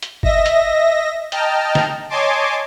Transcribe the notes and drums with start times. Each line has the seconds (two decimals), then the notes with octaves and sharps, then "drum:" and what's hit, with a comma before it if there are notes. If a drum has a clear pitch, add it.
0.02 drum: hi-hat
0.23 D#5 E5 A#6, drum: kick
0.46 drum: hi-hat
1.32 D#5 G5 A5 A#5 F6, drum: hi-hat
1.75 drum: snare
2.10 C#5 D#5 G#5 A5 C6 D6